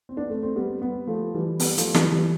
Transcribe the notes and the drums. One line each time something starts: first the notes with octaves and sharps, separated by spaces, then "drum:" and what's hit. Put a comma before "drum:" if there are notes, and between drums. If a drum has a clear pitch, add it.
C4
B3 D4
A3 C4
A3 C4
G3 B3
G3 B3
F3 A3
E3 G3
G3 B3, drum: open hi-hat
F3 A3, drum: hi-hat
E3 G3, drum: snare
E3 G3